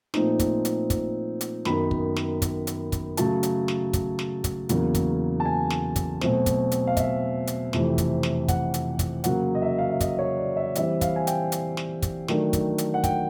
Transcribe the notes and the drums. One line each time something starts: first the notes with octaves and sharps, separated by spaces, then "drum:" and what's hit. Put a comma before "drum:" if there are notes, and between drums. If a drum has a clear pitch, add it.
A#2 F3 A3 C4 D#4, drum: snare
drum: kick, hi-hat
drum: hi-hat
drum: kick, hi-hat
drum: hi-hat
F#2 D#3 F#3 B3 D#4 B5, drum: snare
drum: kick
drum: snare
drum: kick, hi-hat
drum: hi-hat
drum: kick, hi-hat
C#3 F#3 A3 A5, drum: hi-hat
drum: hi-hat
drum: snare
drum: kick, hi-hat
drum: snare
drum: kick, hi-hat
E2 C#3 F#3 A#3, drum: hi-hat
drum: kick, hi-hat
A5
G#5
drum: snare
drum: kick, hi-hat
B2 F#3 A3 C4, drum: snare
drum: kick, hi-hat
drum: hi-hat
F5
E5, drum: kick, hi-hat
drum: hi-hat
F2 C3 E3 A3, drum: snare
drum: kick, hi-hat
drum: snare
F#5, drum: kick, hi-hat
drum: hi-hat
drum: kick, hi-hat
C#3 F#3 A#3 F#5, drum: hi-hat
D#5
E5
F5
E5
D#5, drum: kick, hi-hat
C#5
D5
E5
E3 G3 C4 E4 E5, drum: hi-hat
F5, drum: kick, hi-hat
G#5
G5, drum: hi-hat
drum: hi-hat
drum: snare
drum: kick, hi-hat
D#3 F#3 A3 D4, drum: snare
drum: kick, hi-hat
drum: hi-hat
F#5
G5, drum: kick, hi-hat